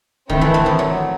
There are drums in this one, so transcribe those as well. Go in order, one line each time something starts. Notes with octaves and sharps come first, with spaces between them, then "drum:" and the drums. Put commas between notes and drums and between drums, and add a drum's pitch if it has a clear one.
D#3 A3 C4 E4, drum: kick D1
E3
E3
F3
F#3